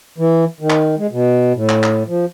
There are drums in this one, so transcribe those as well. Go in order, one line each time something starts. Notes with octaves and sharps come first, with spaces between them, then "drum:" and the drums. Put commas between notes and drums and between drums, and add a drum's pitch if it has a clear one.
E3
D#3
drum: clap
G#3
B2
A2
drum: clap
drum: clap
F3